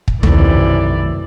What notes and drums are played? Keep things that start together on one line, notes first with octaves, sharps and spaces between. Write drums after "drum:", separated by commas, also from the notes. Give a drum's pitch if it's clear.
drum: kick
B1 F#2 C3 D#3 E3 A3 D5, drum: tom D#2